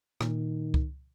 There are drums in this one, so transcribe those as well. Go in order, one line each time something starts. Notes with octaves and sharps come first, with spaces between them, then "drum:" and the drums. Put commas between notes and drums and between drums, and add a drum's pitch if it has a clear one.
A#2 D#3, drum: rim click
drum: kick C#2